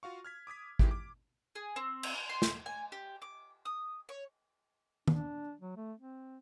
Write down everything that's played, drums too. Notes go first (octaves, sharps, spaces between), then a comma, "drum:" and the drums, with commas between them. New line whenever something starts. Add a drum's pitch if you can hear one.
F4 F#4 F5 C#6
F6 G#6 B6
D6 D#6 G#6 B6
D#3 E3 G#3 E4 G4, drum: kick G#1
D6
G#4
C4
drum: cymbal
C6
drum: snare
G#5
G4
D6
D#6
C#5
D4, drum: tom D#3
F#3
A3
C4